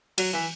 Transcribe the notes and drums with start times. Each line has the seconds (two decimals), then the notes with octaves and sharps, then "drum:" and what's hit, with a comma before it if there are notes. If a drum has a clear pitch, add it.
0.18 F#3, drum: cymbal
0.33 E3